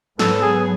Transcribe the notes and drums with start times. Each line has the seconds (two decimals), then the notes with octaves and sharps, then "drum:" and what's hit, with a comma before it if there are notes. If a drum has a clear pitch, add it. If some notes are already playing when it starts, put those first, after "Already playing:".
0.19 G#2 F#3 B3 A4, drum: snare
0.42 G#4
0.60 G#4